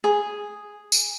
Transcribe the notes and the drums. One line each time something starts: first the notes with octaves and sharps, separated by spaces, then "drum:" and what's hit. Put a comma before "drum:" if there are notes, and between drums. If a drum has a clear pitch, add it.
G#4
drum: tambourine